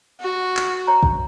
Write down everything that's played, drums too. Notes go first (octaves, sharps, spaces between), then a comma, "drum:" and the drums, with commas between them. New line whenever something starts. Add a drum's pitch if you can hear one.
F#4
drum: clap
C#5 A#5
drum: kick